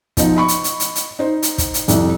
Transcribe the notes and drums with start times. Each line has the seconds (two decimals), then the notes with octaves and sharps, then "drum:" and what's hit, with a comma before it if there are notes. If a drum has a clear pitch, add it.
0.17 B2 F3 D#4, drum: kick, hi-hat
0.36 D#5 B5 C#6
0.48 drum: hi-hat
0.64 drum: hi-hat
0.80 drum: hi-hat
0.95 drum: hi-hat
1.19 D#4 C5
1.43 drum: hi-hat
1.58 drum: kick, hi-hat
1.74 drum: hi-hat
1.88 C2 F2, drum: hi-hat